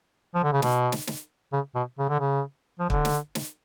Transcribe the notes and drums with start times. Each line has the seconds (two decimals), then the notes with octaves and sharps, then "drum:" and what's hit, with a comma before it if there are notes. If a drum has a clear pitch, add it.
0.35 F3
0.43 D3
0.53 C#3
0.62 B2, drum: snare
0.92 drum: snare
1.07 drum: snare
1.53 C#3
1.75 B2
1.99 C#3
2.09 D3
2.20 C#3
2.79 F3
2.90 D3, drum: kick
3.05 drum: snare
3.35 drum: snare